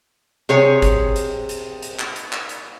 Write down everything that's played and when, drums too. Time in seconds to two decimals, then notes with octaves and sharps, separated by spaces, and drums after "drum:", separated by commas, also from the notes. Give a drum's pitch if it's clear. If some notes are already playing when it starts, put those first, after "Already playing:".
0.49 C3 G#4 C#5 G#5
0.82 drum: kick G#1, hi-hat
1.16 drum: hi-hat
1.49 drum: hi-hat
1.82 drum: hi-hat
1.99 drum: clap
2.16 drum: hi-hat
2.33 drum: clap
2.49 drum: hi-hat